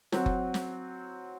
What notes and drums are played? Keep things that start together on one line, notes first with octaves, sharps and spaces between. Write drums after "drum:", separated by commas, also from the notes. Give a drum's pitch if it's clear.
F#3 C4 F#4, drum: snare
drum: kick F#1
drum: snare